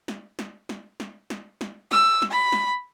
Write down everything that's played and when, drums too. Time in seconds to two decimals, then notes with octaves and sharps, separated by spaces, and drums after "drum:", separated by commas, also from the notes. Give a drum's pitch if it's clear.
0.08 drum: snare
0.39 drum: snare
0.69 drum: snare
1.00 drum: snare
1.30 drum: snare
1.61 drum: snare
1.91 E6, drum: snare
2.22 drum: snare
2.31 B5
2.52 drum: snare